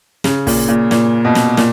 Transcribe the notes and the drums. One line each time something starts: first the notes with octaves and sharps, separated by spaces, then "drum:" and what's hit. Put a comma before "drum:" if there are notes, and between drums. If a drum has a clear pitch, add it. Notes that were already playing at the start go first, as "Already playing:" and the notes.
C#3, drum: snare
A#2, drum: kick, open hi-hat
A#2
A#2, drum: snare
B2
drum: snare
A#2, drum: snare